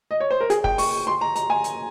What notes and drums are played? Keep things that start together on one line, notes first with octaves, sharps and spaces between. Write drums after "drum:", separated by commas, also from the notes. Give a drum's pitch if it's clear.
D#5
C#5
C5
A#4
G#4, drum: hi-hat
G5, drum: kick
C#6, drum: open hi-hat
C6
A#5
A#5, drum: hi-hat
G#5
drum: hi-hat